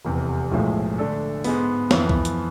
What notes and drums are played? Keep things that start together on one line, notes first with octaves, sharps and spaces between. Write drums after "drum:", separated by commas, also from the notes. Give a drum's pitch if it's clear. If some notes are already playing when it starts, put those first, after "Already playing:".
F1 E2 C3
B1 A2 F3 G#3
D3 A3 D4 A4
G#2 G#3 B3, drum: open hi-hat
F2 E3 B3, drum: snare
drum: kick C2
drum: hi-hat